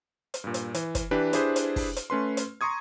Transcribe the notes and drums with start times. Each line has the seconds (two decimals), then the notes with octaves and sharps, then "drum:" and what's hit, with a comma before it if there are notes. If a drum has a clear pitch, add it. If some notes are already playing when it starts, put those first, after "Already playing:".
0.34 drum: hi-hat
0.44 G2 A#2
0.54 drum: hi-hat
0.74 E3, drum: hi-hat
0.95 drum: kick, hi-hat
1.11 E3 D4 G4 B4
1.33 D4 E4 G4 G#4 B4 C5, drum: hi-hat
1.56 drum: hi-hat
1.76 drum: kick, open hi-hat
1.96 drum: hi-hat
2.10 A3 C#4 B4 C6
2.37 drum: hi-hat
2.61 A#5 C6 C#6 D#6 G#6